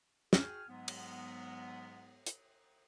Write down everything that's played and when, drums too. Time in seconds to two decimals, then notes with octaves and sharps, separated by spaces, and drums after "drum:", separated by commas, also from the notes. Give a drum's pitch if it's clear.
0.33 F#4 G#4 G5 G#5 F6, drum: snare
0.68 G#2 F#3 G#3 B3
0.88 drum: cymbal
2.26 drum: hi-hat